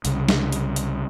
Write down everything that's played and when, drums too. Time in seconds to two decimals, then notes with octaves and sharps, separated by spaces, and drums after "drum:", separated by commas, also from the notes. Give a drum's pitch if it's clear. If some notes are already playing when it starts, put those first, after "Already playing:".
0.05 C2 C#3, drum: hi-hat
0.29 drum: snare
0.52 drum: hi-hat
0.76 drum: hi-hat